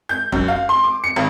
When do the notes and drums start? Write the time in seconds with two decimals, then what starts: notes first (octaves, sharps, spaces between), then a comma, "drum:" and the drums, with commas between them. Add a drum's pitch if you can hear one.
0.09 G6
0.32 F#2, drum: kick
0.48 F5
0.69 C6
0.84 D6
1.04 C#7
1.16 G#1